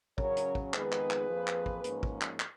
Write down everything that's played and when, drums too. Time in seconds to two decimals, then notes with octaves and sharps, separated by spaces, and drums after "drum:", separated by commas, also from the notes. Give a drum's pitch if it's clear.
0.18 C#3 F#3 C#4 A#4 C#5, drum: kick
0.37 drum: hi-hat
0.55 drum: kick
0.74 F2 D#3 G#3 B3 D#4 G#4 B4, drum: clap
0.92 drum: clap
1.11 drum: clap
1.29 F2 F3 A#3
1.47 drum: clap
1.66 drum: kick
1.84 G#2 F3 A#3 C#4, drum: hi-hat
2.03 drum: kick
2.21 drum: clap
2.40 drum: clap